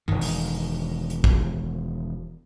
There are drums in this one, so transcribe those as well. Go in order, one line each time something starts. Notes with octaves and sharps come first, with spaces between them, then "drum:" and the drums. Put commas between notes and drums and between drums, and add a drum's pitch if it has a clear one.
E1 D#3, drum: tom G2
drum: open hi-hat
drum: hi-hat
drum: kick